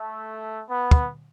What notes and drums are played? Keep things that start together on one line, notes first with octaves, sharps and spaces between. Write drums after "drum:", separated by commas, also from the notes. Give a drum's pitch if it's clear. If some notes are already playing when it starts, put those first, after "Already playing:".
Already playing: A3
B3
drum: kick